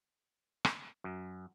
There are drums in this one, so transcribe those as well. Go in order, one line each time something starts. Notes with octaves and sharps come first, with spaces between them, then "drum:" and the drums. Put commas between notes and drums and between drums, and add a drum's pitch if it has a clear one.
drum: rim click
F#2